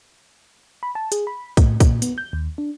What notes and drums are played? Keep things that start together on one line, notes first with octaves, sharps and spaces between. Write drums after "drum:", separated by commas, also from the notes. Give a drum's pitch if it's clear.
B5
A5
G#4, drum: hi-hat
B5
A2, drum: kick, hi-hat
A#2, drum: kick, hi-hat
B3, drum: hi-hat
G6
D#2
D4